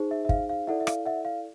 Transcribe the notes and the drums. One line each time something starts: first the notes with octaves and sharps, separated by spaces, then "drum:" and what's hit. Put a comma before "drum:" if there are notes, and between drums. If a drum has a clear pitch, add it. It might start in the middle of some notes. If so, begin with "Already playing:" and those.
Already playing: D#4 G#4 C5
E5
E5
F5, drum: kick
F5
E4 A4 D5 E5 F#5
E5
F5, drum: rim click
E5 F#5
F5